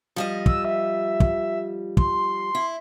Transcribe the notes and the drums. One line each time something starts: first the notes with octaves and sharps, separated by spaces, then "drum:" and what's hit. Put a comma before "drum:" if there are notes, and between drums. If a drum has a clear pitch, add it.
F3 G3 D#5
E6, drum: kick
E5
drum: kick
C6, drum: kick
E4